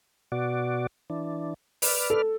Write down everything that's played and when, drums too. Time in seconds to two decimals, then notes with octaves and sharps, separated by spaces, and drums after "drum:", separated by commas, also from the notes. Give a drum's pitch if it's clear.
0.32 B2 F#4 D5
1.10 E3 D4
1.82 B4 D5 F6, drum: open hi-hat
2.10 A4